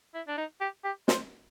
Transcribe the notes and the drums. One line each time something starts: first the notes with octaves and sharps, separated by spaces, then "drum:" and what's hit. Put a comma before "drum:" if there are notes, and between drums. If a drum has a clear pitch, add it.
E4
D4
D#4
G4
G4
C5, drum: snare